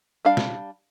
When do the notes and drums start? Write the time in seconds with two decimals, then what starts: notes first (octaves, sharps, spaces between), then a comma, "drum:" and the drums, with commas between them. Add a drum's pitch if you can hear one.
0.25 G3 D4 D5 F5
0.37 drum: snare